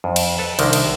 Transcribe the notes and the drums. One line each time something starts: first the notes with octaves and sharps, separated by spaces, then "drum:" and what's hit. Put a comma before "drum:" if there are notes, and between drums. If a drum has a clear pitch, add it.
F2
drum: cymbal
A4 B4
C2 D3 D#3 A#4, drum: cymbal
drum: cymbal